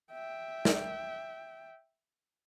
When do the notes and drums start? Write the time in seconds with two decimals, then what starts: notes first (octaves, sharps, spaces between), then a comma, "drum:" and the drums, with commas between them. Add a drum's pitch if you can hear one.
0.12 E5 G5
0.65 drum: snare